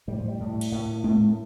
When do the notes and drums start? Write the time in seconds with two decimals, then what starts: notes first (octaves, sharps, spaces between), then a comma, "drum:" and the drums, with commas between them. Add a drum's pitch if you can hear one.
0.08 A2 G3
0.18 F3
0.28 G3
0.40 A2
0.61 drum: cymbal
0.72 A2 A#3
1.04 A2, drum: tom G#3